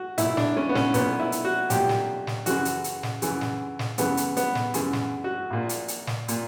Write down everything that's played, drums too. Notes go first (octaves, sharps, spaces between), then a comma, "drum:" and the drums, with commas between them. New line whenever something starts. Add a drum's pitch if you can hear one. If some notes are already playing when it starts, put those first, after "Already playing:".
Already playing: F#4
B1 A#2 E4, drum: hi-hat
D4, drum: snare
C#4
B3
C#4, drum: snare
B1 A#2 B3, drum: hi-hat
E4
drum: hi-hat
F#4
B1 A#2 G4, drum: hi-hat
drum: snare
drum: snare
F#2 C#3 E3 F#4, drum: hi-hat
drum: hi-hat
drum: hi-hat
drum: snare
F#2 C#3 E3, drum: hi-hat
drum: snare
drum: snare
F#2 C#3 E3 B3, drum: hi-hat
drum: hi-hat
B3, drum: hi-hat
drum: snare
F#2 C#3 E3, drum: hi-hat
drum: snare
F#4
A#1 A#2
drum: hi-hat
drum: hi-hat
drum: snare
A#2, drum: hi-hat